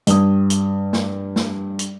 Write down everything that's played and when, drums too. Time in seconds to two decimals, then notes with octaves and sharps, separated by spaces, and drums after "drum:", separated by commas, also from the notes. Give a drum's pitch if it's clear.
0.07 G2 D#6, drum: hi-hat
0.50 drum: hi-hat
0.93 drum: snare
1.36 drum: snare
1.79 drum: hi-hat